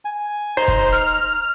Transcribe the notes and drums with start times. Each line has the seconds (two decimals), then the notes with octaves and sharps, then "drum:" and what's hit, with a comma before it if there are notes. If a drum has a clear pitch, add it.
0.05 G#5
0.57 D#4 C5 A#5
0.68 drum: kick
0.93 F6